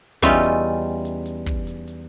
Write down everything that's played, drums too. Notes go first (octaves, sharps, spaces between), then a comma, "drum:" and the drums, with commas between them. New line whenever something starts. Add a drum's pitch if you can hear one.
E2 G3 C#4 D#4 F4 E5, drum: kick, hi-hat
drum: hi-hat
drum: hi-hat
drum: hi-hat
drum: kick, open hi-hat
drum: hi-hat
drum: hi-hat